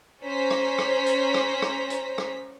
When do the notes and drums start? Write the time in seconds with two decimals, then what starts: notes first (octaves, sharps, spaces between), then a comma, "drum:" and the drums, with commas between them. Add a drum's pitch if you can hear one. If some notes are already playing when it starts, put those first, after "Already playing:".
0.23 C#4 C5 A#5 B6
0.50 drum: rim click
0.78 drum: rim click
1.06 drum: hi-hat
1.34 drum: rim click
1.62 drum: rim click
1.90 drum: hi-hat
2.18 drum: rim click